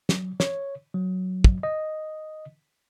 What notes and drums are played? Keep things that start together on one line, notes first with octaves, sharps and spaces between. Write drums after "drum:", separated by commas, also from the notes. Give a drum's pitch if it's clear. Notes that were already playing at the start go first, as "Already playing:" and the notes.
F#3, drum: snare
C#5, drum: snare
F#3
drum: kick
D#5